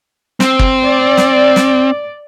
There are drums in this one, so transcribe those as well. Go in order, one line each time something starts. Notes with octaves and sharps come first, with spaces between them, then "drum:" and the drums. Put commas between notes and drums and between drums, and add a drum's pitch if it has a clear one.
C4, drum: snare
drum: kick
D5
drum: snare
drum: snare